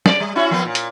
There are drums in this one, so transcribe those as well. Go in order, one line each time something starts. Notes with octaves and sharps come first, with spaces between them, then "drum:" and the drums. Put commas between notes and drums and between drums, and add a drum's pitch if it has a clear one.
D5, drum: snare
G3
C#4 E4 F#4
F3 A#3 B3
A#2
drum: hi-hat